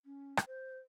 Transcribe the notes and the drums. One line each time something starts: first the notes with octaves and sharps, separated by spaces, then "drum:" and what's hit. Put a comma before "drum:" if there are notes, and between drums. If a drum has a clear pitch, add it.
C#4
drum: rim click
C5